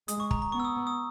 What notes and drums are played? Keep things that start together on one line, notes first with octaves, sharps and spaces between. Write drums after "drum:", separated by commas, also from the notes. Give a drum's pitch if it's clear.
G#3 D#6, drum: hi-hat
C#6
A#5, drum: kick
A#5
B3 C#6
E6
D#6
D#6